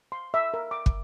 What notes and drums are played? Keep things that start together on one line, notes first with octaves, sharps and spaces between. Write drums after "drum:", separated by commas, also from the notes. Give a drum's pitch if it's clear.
C6
E5
A#4
D6
drum: kick